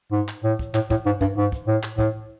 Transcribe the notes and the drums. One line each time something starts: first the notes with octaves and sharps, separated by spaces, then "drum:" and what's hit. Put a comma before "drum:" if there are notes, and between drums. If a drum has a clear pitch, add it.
G#2
drum: clap
A2
drum: kick
A2, drum: clap
A2, drum: kick
G#2
G2, drum: kick
G#2
drum: kick
A2
drum: clap
A2, drum: kick